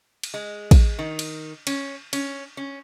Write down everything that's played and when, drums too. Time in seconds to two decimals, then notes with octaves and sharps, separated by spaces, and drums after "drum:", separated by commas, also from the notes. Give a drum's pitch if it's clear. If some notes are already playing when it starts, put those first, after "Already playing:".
0.23 drum: cymbal
0.34 G#3
0.71 drum: kick, cymbal
0.99 D#3
1.19 drum: cymbal
1.67 C#4, drum: cymbal
2.13 C#4, drum: cymbal
2.57 C#4